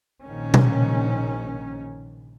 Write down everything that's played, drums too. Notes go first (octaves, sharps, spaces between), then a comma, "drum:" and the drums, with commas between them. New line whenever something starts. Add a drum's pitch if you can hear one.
A#1 D#3 C#4
drum: tom B2